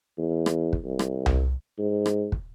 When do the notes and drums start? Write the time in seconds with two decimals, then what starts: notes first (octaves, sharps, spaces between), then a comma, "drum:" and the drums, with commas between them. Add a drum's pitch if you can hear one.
0.18 E2
0.46 drum: rim click
0.73 drum: kick
0.84 C2
0.99 drum: rim click
1.26 drum: tom C2
1.79 G#2
2.06 drum: rim click
2.32 drum: kick